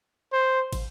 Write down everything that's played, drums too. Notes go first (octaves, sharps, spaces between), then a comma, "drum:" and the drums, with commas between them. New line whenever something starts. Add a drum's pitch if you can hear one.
C5
drum: kick, cymbal